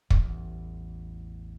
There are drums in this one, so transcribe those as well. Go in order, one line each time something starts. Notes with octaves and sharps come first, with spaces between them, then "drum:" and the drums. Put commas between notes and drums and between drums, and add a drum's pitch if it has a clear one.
A1 E2, drum: kick